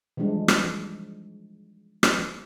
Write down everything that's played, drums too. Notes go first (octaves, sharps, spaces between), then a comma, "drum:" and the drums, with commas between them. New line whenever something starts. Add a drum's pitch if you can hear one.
E3 F3 G3 G#3 D4
drum: rim click
drum: rim click